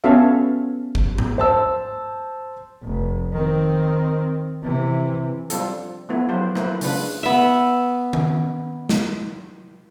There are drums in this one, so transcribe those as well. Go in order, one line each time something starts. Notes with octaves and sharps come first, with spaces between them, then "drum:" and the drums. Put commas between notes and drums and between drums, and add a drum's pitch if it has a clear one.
B3 C#4 F#4 A4 E5 F5
drum: kick G#1
drum: tom G#2
C5 A5 E6
F1
D#3 C4
C3 E3
F3 G3 C4 F4 A4, drum: hi-hat
F3 A3 B3 E4
F3 F#3 F4 G4 B4 C5
A3 A#3 E4 B4 C5, drum: rim click
C#3 G#3 D4 F4 B4, drum: open hi-hat
B3 E5
drum: tom D#3
drum: snare